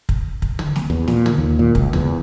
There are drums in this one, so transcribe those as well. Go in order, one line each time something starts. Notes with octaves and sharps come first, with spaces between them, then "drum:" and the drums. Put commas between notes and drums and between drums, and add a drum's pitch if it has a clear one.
drum: kick
drum: kick
drum: tom
drum: snare
E2
A#2, drum: snare
drum: tom
D#2
A#2
C#2, drum: kick
E2, drum: tom